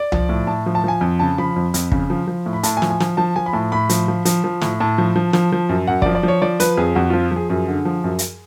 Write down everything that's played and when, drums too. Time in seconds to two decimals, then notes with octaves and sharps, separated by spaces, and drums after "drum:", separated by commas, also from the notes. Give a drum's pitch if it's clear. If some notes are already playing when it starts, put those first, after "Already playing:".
Already playing: D5
0.12 F3, drum: tom C2
0.29 A2
0.47 A2 A5
0.66 F3
0.75 A5
0.84 F3 G#5
1.01 F2
1.19 C#3 A5
1.38 F3 B5
1.56 F2
1.74 F2, drum: hi-hat
1.92 C#3, drum: kick
2.10 F3
2.27 F3
2.46 A2
2.53 B5
2.63 A2 A5, drum: hi-hat
2.77 G#5
2.82 F3, drum: snare
2.90 G#5
3.00 F3, drum: snare
3.17 F3 A5
3.36 F3 G#5
3.46 B5
3.53 A2 A5
3.72 A2 B5
3.89 F3, drum: hi-hat
4.08 F3
4.25 F3, drum: hi-hat
4.44 F3
4.61 A2, drum: snare
4.80 A2 A5
4.98 F3
5.16 F3
5.33 F3, drum: snare
5.52 F3
5.69 F#2
5.87 F#2 F#5
6.02 D5, drum: kick
6.06 F3
6.15 D5
6.23 F3 C#5
6.42 F3 D5
6.60 F3 B4, drum: hi-hat
6.77 F2 G#4
6.95 F2 F#4
7.10 F3 F4
7.31 F3 G#4
7.50 F#2 G#4
7.68 D3
7.85 F3
8.04 F#2
8.19 drum: hi-hat